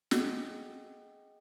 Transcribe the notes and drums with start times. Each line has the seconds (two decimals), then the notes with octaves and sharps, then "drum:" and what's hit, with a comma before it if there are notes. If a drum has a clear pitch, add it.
0.11 G#4 A4 D#5 F#5 G5, drum: snare